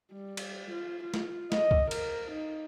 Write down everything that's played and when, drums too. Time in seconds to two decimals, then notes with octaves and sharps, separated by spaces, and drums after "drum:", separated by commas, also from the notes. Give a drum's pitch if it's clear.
0.12 G3
0.37 drum: cymbal
0.71 F4
1.03 F4
1.14 drum: snare
1.52 D#5, drum: snare
1.71 drum: kick C2
1.91 A#4, drum: cymbal
2.32 D#4